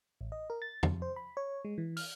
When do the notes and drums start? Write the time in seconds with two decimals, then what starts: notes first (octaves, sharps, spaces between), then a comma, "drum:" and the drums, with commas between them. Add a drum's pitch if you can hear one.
0.21 A1
0.32 D#5
0.50 A#4
0.62 A6
0.83 F2, drum: tom E2
1.02 C5
1.16 B5
1.37 C#5
1.65 G#3
1.78 E3
1.97 F6, drum: open hi-hat